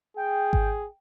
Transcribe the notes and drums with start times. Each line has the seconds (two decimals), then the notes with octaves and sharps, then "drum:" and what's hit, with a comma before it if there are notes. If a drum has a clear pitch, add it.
0.17 G#4 G5
0.53 drum: kick G#1